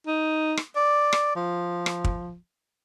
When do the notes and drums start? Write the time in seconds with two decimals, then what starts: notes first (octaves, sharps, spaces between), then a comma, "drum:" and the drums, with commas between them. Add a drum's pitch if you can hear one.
0.07 D#4
0.57 drum: rim click
0.76 D5
1.13 drum: rim click
1.36 F3
1.86 drum: rim click
2.04 drum: kick